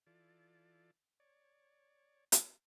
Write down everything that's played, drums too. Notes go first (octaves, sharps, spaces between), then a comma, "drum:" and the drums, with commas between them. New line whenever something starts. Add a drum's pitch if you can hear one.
E3 F4 A4 D5
C#5 D5
drum: hi-hat